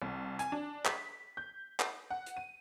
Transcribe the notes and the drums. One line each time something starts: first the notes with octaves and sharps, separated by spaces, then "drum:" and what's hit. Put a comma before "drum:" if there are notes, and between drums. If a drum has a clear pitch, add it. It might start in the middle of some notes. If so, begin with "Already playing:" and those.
C2
G#5, drum: hi-hat
D4
B6, drum: clap
G6
drum: clap
F#5
drum: hi-hat
D#7